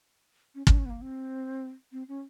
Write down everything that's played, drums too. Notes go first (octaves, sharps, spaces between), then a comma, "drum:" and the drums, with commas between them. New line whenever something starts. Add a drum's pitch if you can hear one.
C#4
C#4, drum: kick
D4
C#4
B3
A#3
C4
C4
C#4